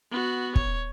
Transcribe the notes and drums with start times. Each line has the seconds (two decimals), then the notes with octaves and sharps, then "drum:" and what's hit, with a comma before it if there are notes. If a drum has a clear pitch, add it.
0.11 B3 F#4
0.56 C#5, drum: kick